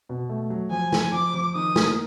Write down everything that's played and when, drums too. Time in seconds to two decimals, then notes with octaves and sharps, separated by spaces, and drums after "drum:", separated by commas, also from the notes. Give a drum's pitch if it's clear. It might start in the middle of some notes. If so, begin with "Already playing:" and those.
0.09 B2
0.29 A3
0.50 F#3
0.71 F3 G#5
0.92 F3, drum: snare
1.13 F3 D6
1.34 F3
1.55 D#3 D#6
1.76 A#3, drum: snare